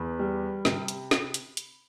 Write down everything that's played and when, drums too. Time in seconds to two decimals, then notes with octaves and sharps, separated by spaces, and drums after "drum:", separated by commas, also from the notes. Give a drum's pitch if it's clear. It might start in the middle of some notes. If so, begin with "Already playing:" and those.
Already playing: E2 B5
0.19 G3
0.65 C3, drum: snare
0.88 drum: hi-hat
1.11 drum: snare
1.34 drum: hi-hat
1.57 drum: hi-hat